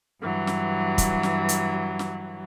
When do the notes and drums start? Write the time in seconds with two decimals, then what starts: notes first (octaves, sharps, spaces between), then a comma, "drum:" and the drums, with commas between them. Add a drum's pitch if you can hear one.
0.22 G2 E3 F#3
0.47 drum: snare
0.98 drum: kick, hi-hat
1.23 drum: snare
1.49 drum: hi-hat
1.99 drum: snare